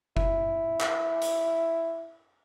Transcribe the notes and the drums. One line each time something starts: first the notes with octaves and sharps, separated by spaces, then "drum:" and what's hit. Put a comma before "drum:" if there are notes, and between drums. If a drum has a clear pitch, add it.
E4, drum: kick F#1
drum: clap
drum: hi-hat